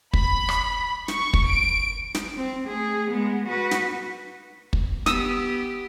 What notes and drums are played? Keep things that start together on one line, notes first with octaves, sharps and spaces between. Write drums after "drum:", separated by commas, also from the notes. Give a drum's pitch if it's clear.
B5, drum: kick
drum: rim click
C#6, drum: snare
drum: kick
D7
drum: snare
C4
A3 G#4
G#3 B3
F#4 B4
drum: snare
drum: kick
B3 G4 D#6 E6, drum: snare